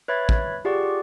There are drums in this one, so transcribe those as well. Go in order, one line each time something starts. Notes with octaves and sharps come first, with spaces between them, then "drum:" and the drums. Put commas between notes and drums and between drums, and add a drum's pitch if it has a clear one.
B4 C#5 E5 B5 G#6 A6
drum: kick
F4 G4 G#4 D5 F#5 C#6